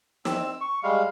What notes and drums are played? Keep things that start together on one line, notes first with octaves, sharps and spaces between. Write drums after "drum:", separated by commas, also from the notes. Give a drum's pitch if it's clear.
C4 E6, drum: snare
C#6
G3 G#3 F5